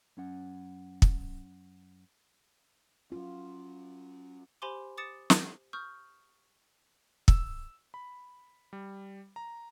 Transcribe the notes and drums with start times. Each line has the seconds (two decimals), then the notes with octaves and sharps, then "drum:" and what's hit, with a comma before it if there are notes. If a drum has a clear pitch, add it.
0.17 F#2 C#4 F#5
1.02 drum: kick
3.12 F#3 C#4 F4
4.62 G4 C5 G#5 B5 C6 D6
4.98 D6 D#6 A6 C#7 E7
5.30 drum: snare
5.73 C#6 D#6 F6 G6
7.28 E6, drum: kick
7.94 B5
8.73 G3
9.36 A#5